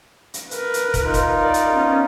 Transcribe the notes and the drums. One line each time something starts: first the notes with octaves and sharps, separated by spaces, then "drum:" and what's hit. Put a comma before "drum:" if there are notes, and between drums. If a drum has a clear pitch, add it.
drum: hi-hat
A#4 B4, drum: hi-hat
drum: hi-hat
drum: kick, hi-hat
D#4 F4
drum: kick, hi-hat
A#4 D5
drum: hi-hat
B3 C#4